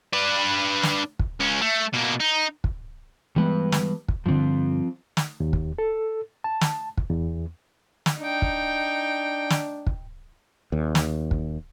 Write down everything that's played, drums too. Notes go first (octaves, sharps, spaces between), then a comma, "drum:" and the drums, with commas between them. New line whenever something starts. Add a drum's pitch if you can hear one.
D4 B4
drum: snare
drum: kick
C#2 C#4
A3
B2 A#3
D#4
drum: kick
E3 G3 G#3 B3 B4
drum: snare
drum: kick
G2 D3 F3 C4
drum: snare
D#2
drum: kick
A4
A5
drum: snare
drum: kick
E2
drum: snare
D4 D#4 G5
drum: kick
drum: snare
drum: kick
D#2
drum: snare
drum: kick